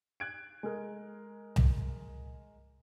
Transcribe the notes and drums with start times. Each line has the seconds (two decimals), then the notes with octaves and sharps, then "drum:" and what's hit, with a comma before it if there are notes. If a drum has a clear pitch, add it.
0.20 F#6 G#6 D7
0.63 G#3 A#4
1.56 drum: tom C2